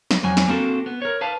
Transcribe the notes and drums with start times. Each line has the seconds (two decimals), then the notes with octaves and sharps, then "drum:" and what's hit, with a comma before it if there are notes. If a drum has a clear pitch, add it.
0.11 drum: snare
0.23 F2 F#3 G#5
0.37 drum: snare
0.48 A#3 C4 D4 F#4 G4 A4
0.86 B3
1.02 A#4 C#5
1.21 B4 F5 A5